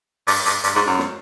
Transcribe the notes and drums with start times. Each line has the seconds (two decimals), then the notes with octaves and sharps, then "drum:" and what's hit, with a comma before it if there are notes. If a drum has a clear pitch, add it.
0.28 G2, drum: open hi-hat
0.46 G2, drum: hi-hat
0.64 G2, drum: hi-hat
0.75 G#2
0.87 F#2
0.99 drum: snare